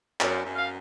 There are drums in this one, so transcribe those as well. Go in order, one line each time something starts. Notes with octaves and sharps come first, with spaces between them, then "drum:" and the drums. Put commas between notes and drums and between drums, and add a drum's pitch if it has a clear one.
F#2, drum: clap
F#2
F5